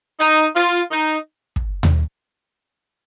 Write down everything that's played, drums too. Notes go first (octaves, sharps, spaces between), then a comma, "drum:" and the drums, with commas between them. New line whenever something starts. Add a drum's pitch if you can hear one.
D#4, drum: hi-hat
F4
D#4
drum: kick
drum: tom D#2